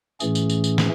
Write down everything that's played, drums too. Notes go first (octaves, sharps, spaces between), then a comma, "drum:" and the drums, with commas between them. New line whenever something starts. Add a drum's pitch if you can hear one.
A2 E3 A3 C#4 G#4, drum: tambourine
drum: tambourine
drum: tambourine
drum: tambourine
drum: snare